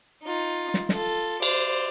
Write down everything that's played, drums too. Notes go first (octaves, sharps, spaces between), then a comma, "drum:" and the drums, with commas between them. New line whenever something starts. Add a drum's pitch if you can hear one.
D#4 F4
drum: snare
F4 A4, drum: snare
C5 D5, drum: cymbal